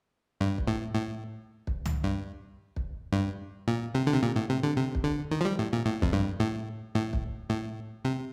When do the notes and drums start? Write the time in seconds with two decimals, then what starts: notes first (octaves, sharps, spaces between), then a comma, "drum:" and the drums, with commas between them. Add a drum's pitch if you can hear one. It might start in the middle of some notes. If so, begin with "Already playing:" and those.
0.41 G2
0.58 drum: kick
0.68 A2
0.95 A2
1.67 drum: kick
1.85 drum: tom
2.03 G2
2.76 drum: kick
3.13 G2
3.68 A#2
3.94 C3
4.07 D3
4.14 C3
4.22 A#2
4.36 A2
4.50 C3
4.63 D3
4.77 C3
4.95 drum: kick
5.04 D3
5.31 D#3
5.41 F3
5.45 G3
5.59 A2
5.73 A#2
5.86 A2
6.02 F2, drum: kick
6.13 G2
6.40 A2
6.95 A2
7.13 drum: kick
7.49 A2
8.05 C3